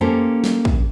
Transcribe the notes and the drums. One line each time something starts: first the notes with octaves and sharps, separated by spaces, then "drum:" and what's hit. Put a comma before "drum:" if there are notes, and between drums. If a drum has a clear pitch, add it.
A#3 C#4 G4 A4 A#4 C5
drum: snare
drum: kick